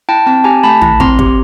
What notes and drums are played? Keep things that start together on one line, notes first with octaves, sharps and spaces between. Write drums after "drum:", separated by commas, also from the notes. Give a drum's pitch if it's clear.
E4 G5 A5
C4 G5 A5
G4 G#5 A#5
A3 A5 B5
E4, drum: tom
C4 A#5 C6, drum: kick
G4, drum: kick